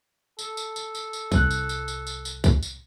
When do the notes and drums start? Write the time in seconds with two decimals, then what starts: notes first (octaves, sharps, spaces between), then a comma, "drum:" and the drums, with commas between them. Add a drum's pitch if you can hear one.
0.39 A4, drum: tambourine
0.57 drum: tambourine
0.76 drum: tambourine
0.95 drum: tambourine
1.13 drum: tambourine
1.32 C2 F#6, drum: kick, tambourine
1.51 drum: tambourine
1.69 drum: tambourine
1.88 drum: tambourine
2.07 drum: tambourine
2.25 drum: tambourine
2.44 drum: kick, tambourine
2.63 drum: tambourine